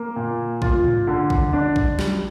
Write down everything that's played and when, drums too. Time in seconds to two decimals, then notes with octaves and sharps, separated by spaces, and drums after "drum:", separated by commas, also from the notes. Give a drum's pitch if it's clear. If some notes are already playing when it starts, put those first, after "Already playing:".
Already playing: A#3
0.16 A#2
0.62 F4, drum: kick A#1
0.85 drum: tom G#2
1.07 D3
1.30 drum: kick A#1
1.53 D4
1.76 drum: kick A#1
1.99 G3, drum: snare